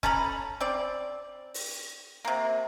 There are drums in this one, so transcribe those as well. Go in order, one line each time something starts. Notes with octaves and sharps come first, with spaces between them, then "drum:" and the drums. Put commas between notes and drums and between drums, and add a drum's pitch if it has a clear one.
C#4 A4 A#5 B5, drum: kick F1
C4 D5
drum: open hi-hat
C3 A#3